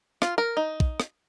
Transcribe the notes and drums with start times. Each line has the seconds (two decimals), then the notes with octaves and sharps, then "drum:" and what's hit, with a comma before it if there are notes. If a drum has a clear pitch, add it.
0.22 F4, drum: rim click
0.38 A#4
0.57 D#4
0.80 drum: kick
1.00 drum: rim click